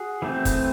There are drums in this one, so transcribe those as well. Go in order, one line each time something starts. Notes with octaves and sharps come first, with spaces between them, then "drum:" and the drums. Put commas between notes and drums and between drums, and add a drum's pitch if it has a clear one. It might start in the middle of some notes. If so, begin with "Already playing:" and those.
Already playing: F#4 G#4
E3 A3 C4
drum: kick, hi-hat